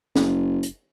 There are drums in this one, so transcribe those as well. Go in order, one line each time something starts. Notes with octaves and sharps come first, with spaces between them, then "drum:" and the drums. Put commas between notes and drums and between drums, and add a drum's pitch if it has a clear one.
F#1, drum: snare
drum: hi-hat